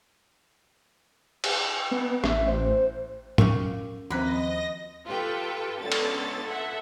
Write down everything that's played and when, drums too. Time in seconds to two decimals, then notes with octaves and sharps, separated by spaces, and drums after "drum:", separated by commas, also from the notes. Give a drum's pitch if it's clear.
1.44 drum: cymbal
1.91 B3
2.24 A1 E5, drum: rim click
2.47 C5
3.38 C#4 G#4 A#4 F5 C#6, drum: tom A2
4.10 D#2 F3 A#3 C4 F#4 B4 D#5 A#6
5.06 F4 G4 A4 B4 G5
5.81 C#2 D3 B3 A4 A6
5.92 drum: cymbal
6.44 A4 E5 F#5